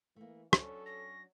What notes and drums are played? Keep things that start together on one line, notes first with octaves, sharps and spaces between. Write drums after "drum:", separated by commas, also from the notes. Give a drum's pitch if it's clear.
E3 A3 A#3
F#3 C#4 D4 A4, drum: rim click
C#4 A#6